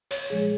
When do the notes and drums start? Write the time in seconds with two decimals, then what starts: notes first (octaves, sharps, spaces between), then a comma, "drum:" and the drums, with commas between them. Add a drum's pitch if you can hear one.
0.11 C#5, drum: open hi-hat
0.30 A#2 F3 G#3 G#4